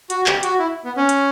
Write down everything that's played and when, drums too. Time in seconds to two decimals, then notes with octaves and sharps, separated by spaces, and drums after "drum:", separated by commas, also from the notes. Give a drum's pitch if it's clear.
0.10 F#4, drum: hi-hat
0.26 G4, drum: clap
0.43 F#4, drum: hi-hat
0.59 E4
0.85 B3
0.97 C#4
1.09 drum: hi-hat